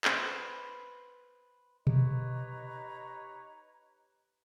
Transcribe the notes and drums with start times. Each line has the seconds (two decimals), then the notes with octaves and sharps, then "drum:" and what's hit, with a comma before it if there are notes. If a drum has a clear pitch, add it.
0.05 B4 C5, drum: clap
1.87 D#4 G4 B4 C#5 A#5, drum: tom B2